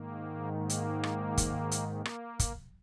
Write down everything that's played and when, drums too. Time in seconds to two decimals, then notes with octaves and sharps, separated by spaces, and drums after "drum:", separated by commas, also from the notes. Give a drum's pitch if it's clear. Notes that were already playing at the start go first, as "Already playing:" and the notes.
Already playing: G#2 D#3 A#3
0.53 A#3
0.69 drum: hi-hat
1.03 drum: rim click
1.37 drum: kick, hi-hat
1.71 drum: hi-hat
1.88 A#3
2.05 drum: rim click
2.39 drum: kick, hi-hat